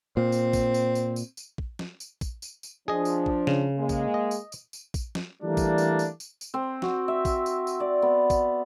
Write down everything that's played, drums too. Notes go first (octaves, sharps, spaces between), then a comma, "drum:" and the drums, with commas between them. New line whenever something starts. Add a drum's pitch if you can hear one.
A#2 C4
drum: tambourine
drum: kick, tambourine
drum: tambourine
drum: tambourine
drum: tambourine
drum: tambourine
drum: kick
drum: snare
drum: tambourine
drum: kick, tambourine
drum: tambourine
drum: tambourine
F3 D4 G#4 D#5
drum: tambourine
drum: kick
C#3, drum: snare
G#3 A#3
drum: kick, tambourine
D#5
drum: tambourine
drum: tambourine
drum: tambourine
drum: kick, tambourine
drum: snare
E3 G3 A3 A#3 D4
drum: kick, tambourine
drum: tambourine
drum: tambourine
drum: tambourine
drum: tambourine
C4
F#4, drum: snare
E5
drum: kick, tambourine
drum: tambourine
drum: tambourine
D5
B3
drum: kick, tambourine